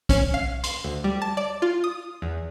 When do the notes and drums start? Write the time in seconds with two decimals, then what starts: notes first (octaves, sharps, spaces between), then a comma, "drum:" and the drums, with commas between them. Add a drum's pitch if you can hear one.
0.09 C#4, drum: kick B1, hi-hat
0.34 F5
0.64 C6, drum: hi-hat
0.84 D2
1.04 G3
1.22 A5
1.37 D5
1.62 F4
1.84 D#6
2.22 E2